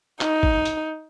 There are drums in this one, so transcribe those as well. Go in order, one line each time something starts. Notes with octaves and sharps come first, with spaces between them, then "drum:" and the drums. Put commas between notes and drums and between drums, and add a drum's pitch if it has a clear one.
D#4, drum: clap
drum: kick
drum: hi-hat